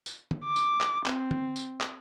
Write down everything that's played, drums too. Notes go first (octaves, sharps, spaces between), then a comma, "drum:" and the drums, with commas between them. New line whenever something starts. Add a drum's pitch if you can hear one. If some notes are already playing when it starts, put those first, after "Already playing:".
drum: tambourine
drum: tom
D6
drum: tambourine
drum: clap
C4, drum: clap
drum: tom
drum: tambourine
drum: clap